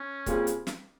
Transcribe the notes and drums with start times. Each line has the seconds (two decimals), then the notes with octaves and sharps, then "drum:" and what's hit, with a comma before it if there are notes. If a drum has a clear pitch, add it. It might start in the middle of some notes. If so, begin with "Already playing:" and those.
Already playing: C#4
0.26 A#2 G3 C4 F4 G#4, drum: kick C#1, hi-hat
0.47 drum: hi-hat
0.67 drum: snare